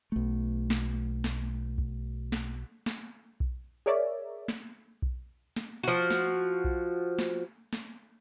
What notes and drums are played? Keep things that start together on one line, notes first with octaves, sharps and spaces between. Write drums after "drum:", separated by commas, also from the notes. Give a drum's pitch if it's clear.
B1 A3
drum: snare
drum: snare
drum: kick B1
drum: snare
drum: snare
drum: kick B1
G#4 A#4 C#5 D5 E5
drum: snare
drum: kick B1
drum: snare
F3 F#4
drum: snare
drum: kick B1
drum: snare
drum: snare